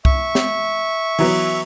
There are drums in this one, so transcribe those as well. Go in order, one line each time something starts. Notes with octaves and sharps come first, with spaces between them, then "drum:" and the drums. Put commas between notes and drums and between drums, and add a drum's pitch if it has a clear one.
E5 C#6, drum: kick C2
drum: snare
E3 F#3 B3, drum: open hi-hat